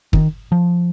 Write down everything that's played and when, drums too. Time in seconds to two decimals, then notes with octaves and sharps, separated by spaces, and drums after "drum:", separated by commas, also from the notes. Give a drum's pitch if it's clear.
0.13 D#3, drum: kick
0.52 F3